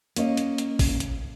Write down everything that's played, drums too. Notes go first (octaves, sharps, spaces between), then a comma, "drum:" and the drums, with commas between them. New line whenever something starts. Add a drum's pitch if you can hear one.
A#3 C#4 D#5, drum: hi-hat
drum: hi-hat
drum: hi-hat
drum: kick G#1, open hi-hat
drum: hi-hat